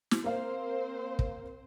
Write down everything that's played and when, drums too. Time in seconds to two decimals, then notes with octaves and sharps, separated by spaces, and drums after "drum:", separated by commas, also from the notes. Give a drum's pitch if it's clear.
0.11 drum: snare
0.24 A#3 C4 C5 F5
1.19 drum: kick